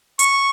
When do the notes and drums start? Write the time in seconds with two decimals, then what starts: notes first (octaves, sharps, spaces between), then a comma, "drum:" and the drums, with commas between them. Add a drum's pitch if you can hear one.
0.19 C#6, drum: hi-hat